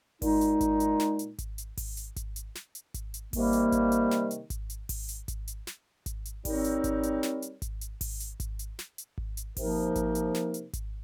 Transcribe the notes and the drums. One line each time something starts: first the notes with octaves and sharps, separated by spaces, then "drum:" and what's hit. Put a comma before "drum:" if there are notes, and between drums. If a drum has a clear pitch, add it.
A#2 G#3 D#4, drum: kick G#1, open hi-hat
drum: hi-hat
drum: kick G#1, hi-hat
drum: hi-hat
drum: snare
drum: hi-hat
drum: kick G#1, hi-hat
drum: hi-hat
drum: kick G#1, open hi-hat
drum: hi-hat
drum: kick G#1, hi-hat
drum: hi-hat
drum: snare
drum: hi-hat
drum: kick G#1, hi-hat
drum: hi-hat
C3 D#3 G3 A#3, drum: kick G#1, open hi-hat
drum: hi-hat
drum: kick G#1, hi-hat
drum: hi-hat
drum: snare
drum: hi-hat
drum: kick G#1, hi-hat
drum: hi-hat
drum: kick G#1, open hi-hat
drum: hi-hat
drum: kick G#1, hi-hat
drum: hi-hat
drum: snare
drum: kick G#1, hi-hat
drum: hi-hat
G3 C4 D#4 A#4 C#5, drum: kick G#1, open hi-hat
drum: hi-hat
drum: kick G#1, hi-hat
drum: hi-hat
drum: snare
drum: hi-hat
drum: kick G#1, hi-hat
drum: hi-hat
drum: kick G#1, open hi-hat
drum: hi-hat
drum: kick G#1, hi-hat
drum: hi-hat
drum: snare
drum: hi-hat
drum: kick G#1
drum: hi-hat
C3 F3 A#3 D#4 A#4, drum: kick G#1, open hi-hat
drum: kick G#1, hi-hat
drum: hi-hat
drum: snare
drum: hi-hat
drum: kick G#1, hi-hat